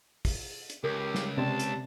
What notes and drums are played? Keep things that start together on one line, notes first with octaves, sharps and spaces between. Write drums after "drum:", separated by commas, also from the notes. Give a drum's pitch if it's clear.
drum: kick, open hi-hat
drum: hi-hat
C#2 G4 A#4
drum: snare
C3 C#4 D5 A5 C6
drum: hi-hat